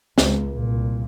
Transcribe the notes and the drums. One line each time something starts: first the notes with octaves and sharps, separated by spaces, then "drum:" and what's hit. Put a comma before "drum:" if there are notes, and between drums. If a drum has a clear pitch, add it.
C#2, drum: snare
C2 A#2